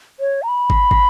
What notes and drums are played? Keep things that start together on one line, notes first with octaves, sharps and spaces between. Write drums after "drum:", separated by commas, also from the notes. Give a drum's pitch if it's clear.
C#5
A#5
B5
drum: kick
drum: kick